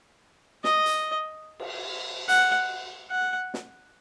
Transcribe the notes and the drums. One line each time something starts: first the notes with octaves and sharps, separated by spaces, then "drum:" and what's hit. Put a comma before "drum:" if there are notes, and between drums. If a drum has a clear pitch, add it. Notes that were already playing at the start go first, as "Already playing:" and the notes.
D#5, drum: snare
drum: hi-hat
drum: cymbal
F#5, drum: hi-hat
F#5
drum: snare